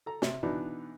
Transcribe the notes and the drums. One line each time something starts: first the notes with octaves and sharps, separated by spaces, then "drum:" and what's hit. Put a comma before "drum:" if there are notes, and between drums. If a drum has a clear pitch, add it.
A4 A#5
C3, drum: snare
B2 E3 B3 D4 D#4